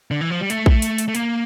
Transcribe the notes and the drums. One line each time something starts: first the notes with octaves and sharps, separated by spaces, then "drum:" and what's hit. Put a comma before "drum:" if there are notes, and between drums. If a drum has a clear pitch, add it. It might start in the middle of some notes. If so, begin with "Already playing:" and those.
D3
E3
F3
G3
A3, drum: hi-hat
drum: kick
drum: hi-hat
drum: hi-hat
A3
A#3, drum: hi-hat